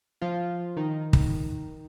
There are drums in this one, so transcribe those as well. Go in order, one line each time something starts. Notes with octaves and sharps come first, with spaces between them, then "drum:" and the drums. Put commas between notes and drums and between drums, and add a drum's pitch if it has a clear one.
F3 F4
D#3 D#4
drum: kick